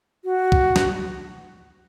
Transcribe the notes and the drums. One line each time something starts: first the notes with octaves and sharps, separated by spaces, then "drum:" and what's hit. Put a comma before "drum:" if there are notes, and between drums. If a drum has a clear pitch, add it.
F#4
drum: kick
drum: snare